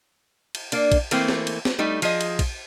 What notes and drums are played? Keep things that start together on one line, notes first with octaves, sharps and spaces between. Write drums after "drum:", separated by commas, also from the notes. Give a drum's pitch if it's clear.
drum: cymbal
A#3 D4, drum: cymbal
drum: kick A#1, cymbal
E3 A3 A#3 C4, drum: cymbal
drum: snare
drum: cymbal
drum: snare
G3 A3 D#4
F3 G#4 D#5, drum: cymbal
drum: cymbal
drum: kick A#1, cymbal